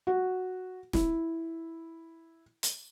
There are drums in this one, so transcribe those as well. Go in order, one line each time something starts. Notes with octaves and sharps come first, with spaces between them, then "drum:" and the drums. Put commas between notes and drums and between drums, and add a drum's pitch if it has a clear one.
F#4
E4, drum: snare
drum: hi-hat